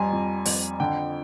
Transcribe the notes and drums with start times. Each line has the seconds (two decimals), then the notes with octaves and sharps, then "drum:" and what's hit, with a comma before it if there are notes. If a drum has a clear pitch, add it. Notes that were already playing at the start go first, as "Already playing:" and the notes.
Already playing: F2 G3 G#5 A#5 C6
0.13 F2
0.46 F2, drum: open hi-hat
0.80 D3 G5